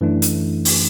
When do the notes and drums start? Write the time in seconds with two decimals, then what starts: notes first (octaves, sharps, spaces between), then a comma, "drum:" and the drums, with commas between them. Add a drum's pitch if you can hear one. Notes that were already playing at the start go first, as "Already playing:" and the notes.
0.01 F#2 E3 A3 D4
0.22 drum: hi-hat
0.65 drum: open hi-hat